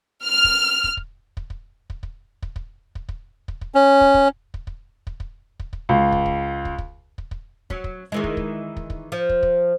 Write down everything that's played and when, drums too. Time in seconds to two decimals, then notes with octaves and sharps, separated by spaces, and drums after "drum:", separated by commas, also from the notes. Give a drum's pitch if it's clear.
0.25 F6
0.44 drum: kick
0.84 drum: kick
0.97 drum: kick
1.37 drum: kick
1.50 drum: kick
1.90 drum: kick
2.03 drum: kick
2.42 drum: kick
2.56 drum: kick
2.95 drum: kick
3.09 drum: kick
3.48 drum: kick
3.61 drum: kick
3.75 C#4
4.01 drum: kick
4.14 drum: kick
4.54 drum: kick
4.67 drum: kick
5.07 drum: kick
5.20 drum: kick
5.60 drum: kick
5.73 drum: kick
5.89 C#2
6.12 drum: kick
6.26 drum: kick
6.65 drum: kick
6.78 drum: kick
7.18 drum: kick
7.31 drum: kick
7.70 F#3 C#4, drum: kick
7.84 drum: kick
8.12 D#3 E3 G#3
8.24 drum: kick
8.37 drum: kick
8.77 drum: kick
8.90 drum: kick
9.12 F3
9.29 drum: kick
9.43 drum: kick